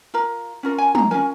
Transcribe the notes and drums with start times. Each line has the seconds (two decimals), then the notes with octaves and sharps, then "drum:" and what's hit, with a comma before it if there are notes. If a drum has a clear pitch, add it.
0.14 F4 A#4 A#5
0.63 C#4 F4 A#4
0.78 G#5
0.95 A#5, drum: tom
1.11 C#4 F4 A#4 G#5